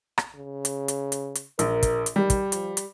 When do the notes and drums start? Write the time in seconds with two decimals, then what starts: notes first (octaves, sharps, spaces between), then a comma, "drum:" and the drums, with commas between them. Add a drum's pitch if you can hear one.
0.18 drum: rim click
0.35 C#3
0.65 drum: hi-hat
0.88 drum: hi-hat
1.12 drum: hi-hat
1.35 drum: hi-hat
1.59 A#1 A#4, drum: hi-hat
1.83 drum: kick, hi-hat
2.06 drum: hi-hat
2.16 D#3 G3
2.30 drum: kick, hi-hat
2.52 F3, drum: hi-hat
2.77 drum: hi-hat